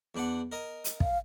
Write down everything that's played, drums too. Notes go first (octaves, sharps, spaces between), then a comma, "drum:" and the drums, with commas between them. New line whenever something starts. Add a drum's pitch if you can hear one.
E2 D4 F#5
A#4 D#5 G#5
drum: hi-hat
F5, drum: kick